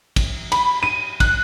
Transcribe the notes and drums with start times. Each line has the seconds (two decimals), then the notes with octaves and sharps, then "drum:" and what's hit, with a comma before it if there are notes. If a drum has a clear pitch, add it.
0.16 drum: kick, cymbal
0.52 B5, drum: cymbal
0.83 D#7
1.20 F#6, drum: kick, cymbal